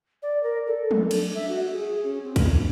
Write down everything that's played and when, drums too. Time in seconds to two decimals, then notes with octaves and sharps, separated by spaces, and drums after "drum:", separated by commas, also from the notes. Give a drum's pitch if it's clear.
0.22 D5
0.43 A#4
0.67 A4
0.91 A4, drum: tom F3
1.11 D4, drum: cymbal
1.35 E5
1.49 F#4
1.73 G#4
2.03 C#4
2.23 C4
2.36 D4, drum: kick C2, cymbal